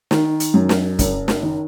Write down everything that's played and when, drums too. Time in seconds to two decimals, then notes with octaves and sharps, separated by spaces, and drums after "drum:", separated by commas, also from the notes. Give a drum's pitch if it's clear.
0.11 D#3, drum: snare
0.40 drum: hi-hat
0.54 F#2
0.69 drum: snare
0.99 F#1, drum: kick, hi-hat
1.28 drum: snare
1.43 D#3